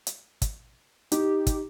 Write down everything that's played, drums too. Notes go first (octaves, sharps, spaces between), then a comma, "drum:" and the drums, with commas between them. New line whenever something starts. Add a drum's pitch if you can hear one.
drum: hi-hat
drum: kick, hi-hat
D#4 G4, drum: hi-hat
drum: kick, hi-hat